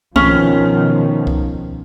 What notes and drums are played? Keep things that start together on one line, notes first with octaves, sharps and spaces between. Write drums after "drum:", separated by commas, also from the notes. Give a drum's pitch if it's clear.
B2 D#3 F3 C#4, drum: kick C2
drum: kick C2